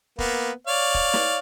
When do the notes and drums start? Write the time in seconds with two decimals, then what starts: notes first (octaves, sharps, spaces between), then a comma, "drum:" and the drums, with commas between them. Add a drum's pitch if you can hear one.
0.19 A#3 B3, drum: kick
0.67 C#5 D5 F5
0.95 drum: kick
1.13 drum: snare